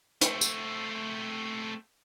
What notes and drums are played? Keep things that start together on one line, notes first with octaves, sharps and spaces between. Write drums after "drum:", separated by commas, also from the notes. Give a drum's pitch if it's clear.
A3 C4, drum: hi-hat
drum: tambourine